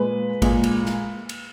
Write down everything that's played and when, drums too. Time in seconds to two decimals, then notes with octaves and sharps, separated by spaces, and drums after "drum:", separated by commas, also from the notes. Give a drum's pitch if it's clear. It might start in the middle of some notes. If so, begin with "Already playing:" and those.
Already playing: A#2 G#3 B4
0.42 A#2 G#3, drum: kick, cymbal
0.64 drum: cymbal
0.85 drum: snare
1.29 drum: cymbal